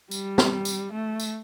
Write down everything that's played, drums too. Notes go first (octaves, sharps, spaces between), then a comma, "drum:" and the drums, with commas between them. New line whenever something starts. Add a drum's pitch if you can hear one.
G3, drum: tambourine
drum: snare
drum: tambourine
A3
drum: tambourine